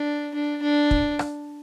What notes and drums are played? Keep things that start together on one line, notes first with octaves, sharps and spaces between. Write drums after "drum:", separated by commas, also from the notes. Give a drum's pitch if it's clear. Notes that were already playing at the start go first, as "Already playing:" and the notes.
Already playing: D4
D4
D4
drum: kick
drum: rim click